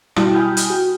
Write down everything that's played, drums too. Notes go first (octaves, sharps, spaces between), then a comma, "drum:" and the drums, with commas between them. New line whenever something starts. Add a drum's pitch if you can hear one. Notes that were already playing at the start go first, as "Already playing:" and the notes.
B2 G3 E4 F#4 G5 A5, drum: rim click
G5 G#5 B5 D#6 F6 G6
drum: hi-hat
F#4